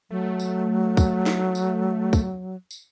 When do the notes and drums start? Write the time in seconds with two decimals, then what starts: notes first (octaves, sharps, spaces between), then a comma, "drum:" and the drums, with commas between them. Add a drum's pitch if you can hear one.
0.11 F#3 A3
0.40 drum: tambourine
0.97 drum: kick, tambourine
1.26 drum: snare
1.55 drum: tambourine
2.13 drum: kick, tambourine
2.71 drum: tambourine